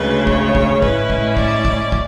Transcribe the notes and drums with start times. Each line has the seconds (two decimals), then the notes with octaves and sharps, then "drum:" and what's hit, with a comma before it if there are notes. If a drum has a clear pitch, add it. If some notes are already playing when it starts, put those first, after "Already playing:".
Already playing: D2 C#3 G#3 B4
0.27 C#5, drum: kick
0.55 drum: kick
0.82 A2 G#3 C#4 E4 B4, drum: kick
1.10 drum: kick
1.37 D5, drum: kick
1.65 drum: kick
1.92 drum: kick